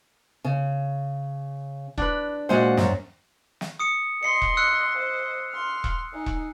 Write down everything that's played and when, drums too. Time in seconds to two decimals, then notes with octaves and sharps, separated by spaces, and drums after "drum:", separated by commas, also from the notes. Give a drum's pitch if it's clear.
0.44 C#3
1.98 D4 B4, drum: kick E1
2.49 A#2 G#3 F#4 C5 F#5
2.77 F#2, drum: snare
3.61 drum: snare
3.79 D#6 C#7
4.23 D#5 C6 C7 C#7
4.42 drum: kick E1
4.57 E6 F#6 C#7
4.97 C5 D#5
5.51 C6 F6
5.84 drum: kick E1
6.14 D#4 G#5
6.26 drum: kick E1